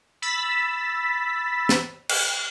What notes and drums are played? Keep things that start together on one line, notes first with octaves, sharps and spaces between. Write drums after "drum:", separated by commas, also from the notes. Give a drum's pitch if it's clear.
B5 E6 A6 B6
drum: snare
drum: cymbal